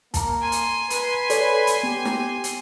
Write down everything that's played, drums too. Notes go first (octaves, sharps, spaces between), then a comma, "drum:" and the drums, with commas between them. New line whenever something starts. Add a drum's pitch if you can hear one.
A#3 A5 A#5, drum: kick, hi-hat
G#5 C6
drum: hi-hat
B4, drum: hi-hat
A4 C#5 D5, drum: hi-hat
drum: hi-hat
B3 G4
drum: snare
drum: hi-hat